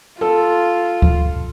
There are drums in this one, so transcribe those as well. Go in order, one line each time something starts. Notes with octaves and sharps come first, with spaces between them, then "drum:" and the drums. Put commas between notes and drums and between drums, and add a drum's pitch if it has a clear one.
F4 A4
drum: kick D2